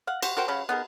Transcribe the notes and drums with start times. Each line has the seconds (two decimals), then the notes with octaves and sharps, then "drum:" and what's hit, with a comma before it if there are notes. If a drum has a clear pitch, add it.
0.07 F5 F#5
0.22 F#4 G4 C5, drum: cymbal
0.37 F#4 A#4 C5 G5
0.48 C#3 F#3 F5 B5
0.69 B3 D#4 G#4 A#4